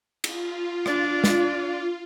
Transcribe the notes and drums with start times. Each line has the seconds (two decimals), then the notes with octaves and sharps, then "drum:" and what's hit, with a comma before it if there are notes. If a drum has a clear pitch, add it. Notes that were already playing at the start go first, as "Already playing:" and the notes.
0.24 F4, drum: cymbal
0.86 D4 D5, drum: rim click
1.24 drum: snare